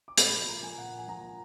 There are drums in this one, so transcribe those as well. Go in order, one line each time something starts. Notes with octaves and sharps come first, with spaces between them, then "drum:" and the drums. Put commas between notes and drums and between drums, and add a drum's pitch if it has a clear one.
D6
A#2 B5, drum: hi-hat
F3 B5
A#2 A#5
F3 G#5
A#2 F#5
A#2 G#5
F3 A#5
F3